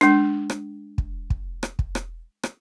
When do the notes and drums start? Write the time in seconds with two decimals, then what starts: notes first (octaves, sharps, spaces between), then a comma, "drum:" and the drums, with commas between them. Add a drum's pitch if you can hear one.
0.01 G#3 D4, drum: rim click
0.50 drum: rim click
0.98 drum: kick
1.30 drum: kick
1.63 drum: rim click
1.79 drum: kick
1.95 drum: rim click
2.43 drum: rim click